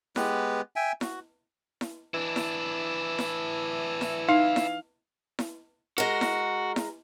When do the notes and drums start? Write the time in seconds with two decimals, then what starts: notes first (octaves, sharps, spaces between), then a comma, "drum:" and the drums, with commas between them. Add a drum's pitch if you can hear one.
0.16 G#3 B3 G4 B4, drum: snare E4
0.76 E5 G5 G#5
1.01 F#4, drum: snare E4
1.81 drum: snare E4
2.14 E3 D4 E4
2.36 drum: snare E4
3.19 drum: snare E4
4.01 drum: snare E4
4.29 D#4 F5
4.56 drum: snare E4
5.39 drum: snare E4
5.98 G#3 F#4 A#4
6.21 drum: snare E4
6.76 drum: snare E4